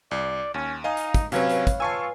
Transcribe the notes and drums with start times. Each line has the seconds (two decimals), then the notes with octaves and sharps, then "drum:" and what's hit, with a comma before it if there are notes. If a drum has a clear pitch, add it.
0.11 C2 D5
0.54 D#2 C#4
0.84 D#4 D#5 F5 G#5
0.97 drum: hi-hat
1.14 drum: kick, hi-hat
1.32 C3 F#3 C4 C#4 B4 C#5 F5, drum: hi-hat
1.49 drum: hi-hat
1.67 drum: kick, hi-hat
1.80 F4 G#5 A5 C#6 E6 C7